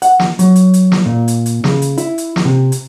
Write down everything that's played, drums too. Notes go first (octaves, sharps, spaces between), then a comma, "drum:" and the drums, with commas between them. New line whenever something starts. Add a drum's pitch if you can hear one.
F#5, drum: hi-hat
drum: snare
F#3, drum: hi-hat
drum: hi-hat
drum: hi-hat
drum: snare
A#2
drum: hi-hat
drum: hi-hat
C#3, drum: snare
drum: hi-hat
E4, drum: hi-hat
drum: hi-hat
drum: snare
C3
drum: hi-hat